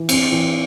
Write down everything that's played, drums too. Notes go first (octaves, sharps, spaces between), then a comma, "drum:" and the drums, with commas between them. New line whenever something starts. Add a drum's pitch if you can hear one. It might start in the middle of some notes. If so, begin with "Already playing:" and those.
Already playing: E3
C4, drum: cymbal
E3